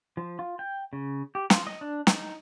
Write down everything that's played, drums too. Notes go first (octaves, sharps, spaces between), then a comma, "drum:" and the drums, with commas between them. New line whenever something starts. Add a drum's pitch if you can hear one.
F3
F4
G5
C#3
G4
F4, drum: snare
D#5
D4
D#4, drum: snare